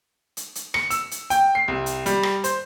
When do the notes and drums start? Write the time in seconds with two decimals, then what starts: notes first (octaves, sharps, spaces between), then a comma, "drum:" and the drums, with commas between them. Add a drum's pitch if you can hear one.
0.37 drum: hi-hat
0.55 drum: hi-hat
0.74 C#7, drum: rim click
0.90 E6, drum: hi-hat
1.11 drum: hi-hat
1.30 G5, drum: hi-hat
1.55 C7
1.68 C2
1.86 drum: hi-hat
2.06 G3, drum: hi-hat
2.23 drum: rim click
2.44 C5, drum: hi-hat